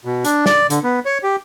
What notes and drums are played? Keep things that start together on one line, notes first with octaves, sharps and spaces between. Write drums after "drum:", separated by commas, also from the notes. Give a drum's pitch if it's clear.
B2
D4, drum: hi-hat
D5, drum: snare
D3, drum: hi-hat
B3
C#5
G4